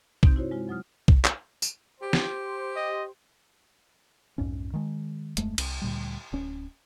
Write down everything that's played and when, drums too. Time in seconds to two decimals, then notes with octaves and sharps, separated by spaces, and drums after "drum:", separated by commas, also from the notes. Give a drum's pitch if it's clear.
0.23 G2 C3 C4 D#4 G6, drum: kick B1
0.36 E4 F#4 C5 C#5
0.51 G#3 F4
0.68 F#2 F#3 D#6 F6
1.08 drum: kick B1
1.25 drum: clap
1.62 drum: tambourine
2.01 G4 C5
2.13 drum: snare
2.76 D#5
4.38 B1 F2 G#2 C#4
4.74 D#3 G#3
5.37 D1 F2 G#3 A3, drum: hi-hat
5.58 C2, drum: cymbal
5.82 D2 A#2 G3
6.32 D1 C#4